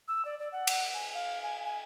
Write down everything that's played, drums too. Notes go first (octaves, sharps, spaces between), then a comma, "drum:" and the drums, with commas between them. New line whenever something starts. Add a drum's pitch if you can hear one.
E6
D5
D5
F#5
drum: cymbal
G#5
F5
G#5
G#5